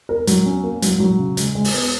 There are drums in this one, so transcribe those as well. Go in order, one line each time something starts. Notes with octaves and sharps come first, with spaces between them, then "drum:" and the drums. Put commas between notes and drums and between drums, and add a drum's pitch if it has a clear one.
A#4
F#3, drum: hi-hat
C#4
A#3
F#3, drum: hi-hat
F#3
C#3
G#3, drum: hi-hat
G#3
drum: open hi-hat
B3